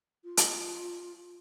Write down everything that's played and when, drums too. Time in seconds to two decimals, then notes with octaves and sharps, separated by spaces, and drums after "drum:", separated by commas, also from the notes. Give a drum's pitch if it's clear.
0.24 F4
0.37 drum: hi-hat